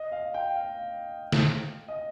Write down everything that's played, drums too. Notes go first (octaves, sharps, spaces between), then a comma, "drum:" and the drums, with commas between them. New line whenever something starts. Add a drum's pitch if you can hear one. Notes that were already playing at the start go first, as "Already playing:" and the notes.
Already playing: D#5
F5
G5
F5
drum: snare
D#5